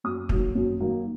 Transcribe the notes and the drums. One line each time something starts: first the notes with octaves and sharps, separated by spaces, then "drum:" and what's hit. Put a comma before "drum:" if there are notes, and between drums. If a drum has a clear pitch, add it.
F#2 D#6
D#3 F#3 A#3, drum: kick
F#2
D#3 F#3 A#3